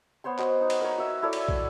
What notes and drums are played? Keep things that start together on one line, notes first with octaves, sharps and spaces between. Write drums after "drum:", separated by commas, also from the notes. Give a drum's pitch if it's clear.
B3 C5 C#5 C6
F#4 D#5, drum: clap
D#4
drum: cymbal
A#4 C#5
F#4 E5
E4 A4 C#5 D5
drum: cymbal
drum: kick